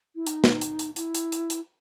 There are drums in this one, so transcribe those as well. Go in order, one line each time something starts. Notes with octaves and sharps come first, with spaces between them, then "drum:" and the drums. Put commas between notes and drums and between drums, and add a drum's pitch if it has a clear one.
E4
D#4, drum: hi-hat
drum: snare
drum: hi-hat
drum: hi-hat
E4, drum: hi-hat
drum: hi-hat
drum: hi-hat
drum: hi-hat